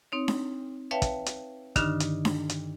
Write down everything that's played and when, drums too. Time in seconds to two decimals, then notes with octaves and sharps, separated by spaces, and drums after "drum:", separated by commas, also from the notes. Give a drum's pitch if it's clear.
0.12 C4 D#4 C#5
0.28 drum: snare D4
0.91 B4 C#5 E5 F5 G5 A5
1.02 drum: kick, hi-hat
1.26 drum: hi-hat
1.76 G2 D3 D#3 D4 D#4 F6, drum: kick, hi-hat
2.00 drum: hi-hat
2.25 drum: snare D4
2.50 drum: hi-hat